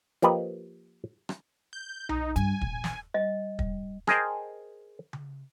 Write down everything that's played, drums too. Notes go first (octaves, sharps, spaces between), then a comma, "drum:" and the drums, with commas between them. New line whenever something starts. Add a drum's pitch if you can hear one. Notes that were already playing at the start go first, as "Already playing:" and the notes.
F3 A#3 G4 B4 D#5, drum: hi-hat
drum: rim click
G6
D#4, drum: tom B1
G2 G#5, drum: hi-hat
A#1, drum: kick
drum: snare
G3 D#5
G3, drum: kick
G#4 A#4 C5 D#5 G5 A5, drum: rim click
drum: tom C#3